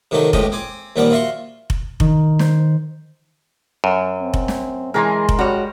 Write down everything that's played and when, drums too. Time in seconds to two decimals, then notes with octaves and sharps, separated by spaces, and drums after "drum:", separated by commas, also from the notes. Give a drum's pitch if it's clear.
0.11 C3 D#3 F#3 A3 D#4
0.33 C#2 A2 F3 G4 D#5 D#6, drum: kick F1
0.52 C4 G#5 D6
0.96 D#2 A#2 F3 G3 C4 F#5
1.11 F4 F#4 E5 C6 C#6
1.70 drum: kick F1
2.00 D#3, drum: kick F1
2.39 C5, drum: snare
3.84 F#2
4.22 C4
4.34 drum: kick F1
4.48 drum: snare
4.94 E3 G#3 G#4 A#4 A#5 C6
5.29 drum: kick F1
5.39 G3 F#4 C#5